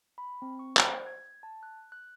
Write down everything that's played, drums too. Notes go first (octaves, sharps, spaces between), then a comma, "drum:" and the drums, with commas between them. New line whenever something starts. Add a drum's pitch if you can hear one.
B5
C4
C#6
C5, drum: clap
G#6
A5
F#6
F#6